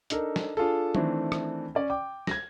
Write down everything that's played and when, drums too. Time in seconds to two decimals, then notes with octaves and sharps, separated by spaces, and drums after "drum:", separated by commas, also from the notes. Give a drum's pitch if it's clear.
0.10 D4 D#4 A4 A#4, drum: hi-hat
0.36 drum: snare
0.57 D4 F4 G#4 A4
0.95 D#3 E3 A3 C4 D4, drum: tom
1.32 drum: rim click
1.75 C#4 D5
1.90 G5 D6
2.27 G#6 A#6, drum: snare